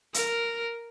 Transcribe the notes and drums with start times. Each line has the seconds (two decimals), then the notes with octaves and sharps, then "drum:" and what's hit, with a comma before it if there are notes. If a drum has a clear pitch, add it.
0.14 A#4, drum: hi-hat